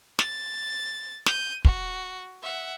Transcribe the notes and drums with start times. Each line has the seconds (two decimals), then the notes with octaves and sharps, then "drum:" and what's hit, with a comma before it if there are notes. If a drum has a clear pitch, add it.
0.19 A6, drum: snare
1.26 G6 D#7, drum: snare
1.65 F#4, drum: kick
2.43 E5 F#5